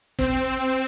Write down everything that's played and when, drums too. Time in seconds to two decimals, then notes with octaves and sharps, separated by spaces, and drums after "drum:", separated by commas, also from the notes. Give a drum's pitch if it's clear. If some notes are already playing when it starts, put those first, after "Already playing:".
0.19 C4, drum: kick